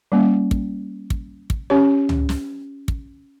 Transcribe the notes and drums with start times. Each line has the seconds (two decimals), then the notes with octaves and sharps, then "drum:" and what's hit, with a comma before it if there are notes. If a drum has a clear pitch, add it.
0.12 G3 A#3 C#4
0.51 drum: kick
1.10 drum: kick
1.50 drum: kick
1.70 C#4 G4 C#5
2.09 drum: tom C#2
2.29 drum: snare
2.88 drum: kick